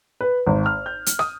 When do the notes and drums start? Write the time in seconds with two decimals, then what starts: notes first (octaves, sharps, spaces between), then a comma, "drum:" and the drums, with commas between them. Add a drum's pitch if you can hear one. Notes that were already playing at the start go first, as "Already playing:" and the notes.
0.21 B4
0.47 G#1
0.66 F6
0.86 G6
1.06 drum: hi-hat
1.19 D#6, drum: rim click